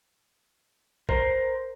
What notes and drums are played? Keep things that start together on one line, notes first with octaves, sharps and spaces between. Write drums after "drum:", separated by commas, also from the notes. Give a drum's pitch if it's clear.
A#4 C5, drum: kick A1